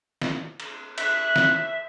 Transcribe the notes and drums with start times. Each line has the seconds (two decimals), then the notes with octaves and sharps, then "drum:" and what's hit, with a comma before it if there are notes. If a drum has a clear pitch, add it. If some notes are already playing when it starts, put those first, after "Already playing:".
0.22 drum: snare
0.60 drum: cymbal
0.98 E5 F#6, drum: cymbal
1.36 drum: snare